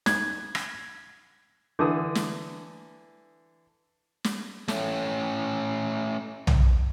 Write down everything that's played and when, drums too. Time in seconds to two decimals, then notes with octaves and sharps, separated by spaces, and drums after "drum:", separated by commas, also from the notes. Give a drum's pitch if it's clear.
0.06 G#6, drum: snare
0.55 drum: rim click
1.79 D3 E3 D#6
2.15 drum: snare
4.24 drum: snare
4.68 A3 C#4, drum: snare
6.47 drum: tom B1